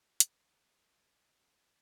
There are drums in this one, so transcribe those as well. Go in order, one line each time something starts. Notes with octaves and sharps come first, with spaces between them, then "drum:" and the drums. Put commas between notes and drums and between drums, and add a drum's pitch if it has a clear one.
D#3 G3 G#3 D#5 A5 D#6, drum: hi-hat